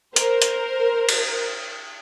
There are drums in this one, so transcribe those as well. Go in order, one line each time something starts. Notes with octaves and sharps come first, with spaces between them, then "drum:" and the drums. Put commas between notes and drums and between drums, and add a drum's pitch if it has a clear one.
A#4 C5, drum: hi-hat
drum: hi-hat
drum: cymbal